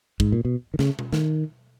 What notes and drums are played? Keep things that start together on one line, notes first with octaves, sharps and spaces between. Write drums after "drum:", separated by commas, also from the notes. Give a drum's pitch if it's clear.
G#2, drum: kick
A#2
B2
D#3
C#3, drum: snare
drum: tom B2
D#3, drum: snare